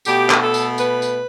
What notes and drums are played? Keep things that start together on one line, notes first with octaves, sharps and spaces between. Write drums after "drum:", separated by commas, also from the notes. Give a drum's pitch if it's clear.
B2 A3 G4, drum: tambourine
drum: clap
A4
drum: tambourine
B4, drum: tambourine
drum: tambourine